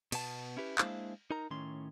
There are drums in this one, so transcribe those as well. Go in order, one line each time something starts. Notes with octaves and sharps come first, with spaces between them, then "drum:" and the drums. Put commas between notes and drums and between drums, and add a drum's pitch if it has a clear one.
B2 B3 A5, drum: cymbal
C#4 E4 G4 B4
G#3 A#3 D4 E4 C5 F5, drum: clap
D#4 A#4 A#5
A2 D#3 C#4 C6